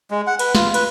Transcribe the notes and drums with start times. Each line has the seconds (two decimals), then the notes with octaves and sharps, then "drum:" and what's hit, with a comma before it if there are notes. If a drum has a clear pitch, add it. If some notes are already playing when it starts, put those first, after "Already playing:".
0.11 G#3
0.27 F#5
0.39 B4, drum: cymbal
0.55 F4, drum: snare
0.74 B4, drum: cymbal